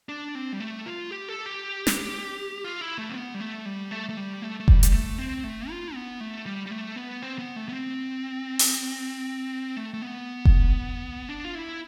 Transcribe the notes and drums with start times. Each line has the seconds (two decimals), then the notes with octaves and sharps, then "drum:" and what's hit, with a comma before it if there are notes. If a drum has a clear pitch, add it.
0.09 D4
0.35 C4
0.53 G3
0.60 A3
0.86 F4
1.11 G4
1.29 A4
1.46 G4
1.87 drum: snare
2.64 F4
2.81 E4
2.98 A3
3.09 C4
3.15 B3
3.34 G3
3.40 A3
3.66 G3
3.91 A3
4.09 A3
4.17 G3
4.42 A3
4.60 A3
4.68 G3, drum: kick F1
4.83 G3, drum: hi-hat
4.93 A3
5.18 C4
5.44 A3
5.70 F4
5.94 B3
6.20 A3
6.46 G3
6.66 G3
6.71 A3
6.96 B3
7.22 C4
7.39 B3
7.56 A3
7.69 B3
7.72 C4
8.59 drum: open hi-hat
9.77 A3
9.94 A3
10.02 B3
10.45 drum: kick F1
11.29 D4
11.45 F4
11.55 E4